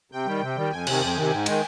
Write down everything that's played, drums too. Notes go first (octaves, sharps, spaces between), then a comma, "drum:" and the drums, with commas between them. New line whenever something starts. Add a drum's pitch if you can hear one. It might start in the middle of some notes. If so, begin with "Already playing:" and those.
C3 G5
D#3 G3
C3
D#3 G3
F2 G#5
C3 D#3, drum: cymbal
F2 G5
C3 D#3
G#2
D#3 G#3, drum: cymbal